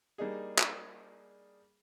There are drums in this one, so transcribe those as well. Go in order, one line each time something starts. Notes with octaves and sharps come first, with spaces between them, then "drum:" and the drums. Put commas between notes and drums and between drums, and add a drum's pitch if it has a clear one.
G3 A#3 D4 D#4 G#4
drum: clap